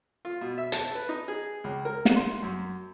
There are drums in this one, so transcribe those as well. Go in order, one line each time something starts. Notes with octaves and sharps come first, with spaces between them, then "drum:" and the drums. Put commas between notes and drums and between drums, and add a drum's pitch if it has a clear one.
F4
B2
E5
A5, drum: hi-hat
B4
D#4
G#4
C#2
A#4
drum: snare
C6
F#2